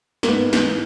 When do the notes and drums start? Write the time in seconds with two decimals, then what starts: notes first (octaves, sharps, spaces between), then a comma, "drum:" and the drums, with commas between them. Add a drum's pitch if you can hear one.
0.23 A#3, drum: snare
0.27 G#2 B3
0.53 E3, drum: snare